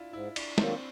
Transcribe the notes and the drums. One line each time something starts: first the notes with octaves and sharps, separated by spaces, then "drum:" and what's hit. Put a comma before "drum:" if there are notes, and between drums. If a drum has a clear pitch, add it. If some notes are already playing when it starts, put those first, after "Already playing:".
Already playing: D4 E4 F4
G#2 E4
D4, drum: cymbal
D#3 F#3 A#3 C4, drum: snare